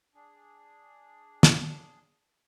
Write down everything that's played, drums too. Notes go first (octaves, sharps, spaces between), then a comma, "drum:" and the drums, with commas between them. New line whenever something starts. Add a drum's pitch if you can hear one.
D4 G#4
drum: snare